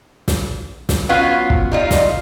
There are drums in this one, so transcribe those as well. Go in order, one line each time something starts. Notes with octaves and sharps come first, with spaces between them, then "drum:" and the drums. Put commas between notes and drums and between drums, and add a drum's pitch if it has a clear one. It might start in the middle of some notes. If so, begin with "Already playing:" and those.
drum: snare
drum: snare
F#3 B3 C#4 F4 B4 F5
drum: kick
G3 D#4 F4
drum: snare